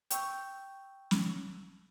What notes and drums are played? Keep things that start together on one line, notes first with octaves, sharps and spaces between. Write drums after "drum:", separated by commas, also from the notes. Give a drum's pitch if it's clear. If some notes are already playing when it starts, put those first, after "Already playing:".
G5 C#6 E6 G6, drum: hi-hat
drum: snare